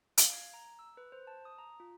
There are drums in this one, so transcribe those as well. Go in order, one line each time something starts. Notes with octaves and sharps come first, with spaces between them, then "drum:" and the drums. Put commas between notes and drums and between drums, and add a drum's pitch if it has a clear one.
F5, drum: hi-hat
G#6
A#5
E6
B4
C5
A5
D#6
A#5
F4